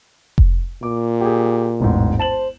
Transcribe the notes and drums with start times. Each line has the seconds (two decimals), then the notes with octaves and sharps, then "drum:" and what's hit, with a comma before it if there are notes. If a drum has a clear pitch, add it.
0.38 drum: kick F1
0.83 A#2 D6
1.21 G4 G#4
1.80 E1 A1 G#2
2.20 C5 A5 E7 F#7